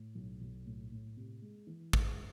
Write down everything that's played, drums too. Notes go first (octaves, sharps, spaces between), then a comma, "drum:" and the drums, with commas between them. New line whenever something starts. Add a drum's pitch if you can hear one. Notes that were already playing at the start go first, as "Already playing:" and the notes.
Already playing: A2
B1
B1
A2
A2
C3
G#3
E3
G#3, drum: kick